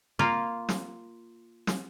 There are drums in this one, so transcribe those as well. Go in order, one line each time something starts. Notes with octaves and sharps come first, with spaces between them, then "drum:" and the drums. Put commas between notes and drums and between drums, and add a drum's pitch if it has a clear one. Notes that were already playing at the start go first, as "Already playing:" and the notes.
A#3 F4
drum: snare
drum: snare